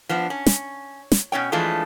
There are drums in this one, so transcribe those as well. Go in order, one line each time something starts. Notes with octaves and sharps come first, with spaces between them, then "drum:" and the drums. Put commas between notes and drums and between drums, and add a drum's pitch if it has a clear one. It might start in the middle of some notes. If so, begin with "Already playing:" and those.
F3 B3 D4
C#4
drum: snare
drum: snare
B2 C#4 C#5 G5
E3 F3 G#3 A3 D4 F4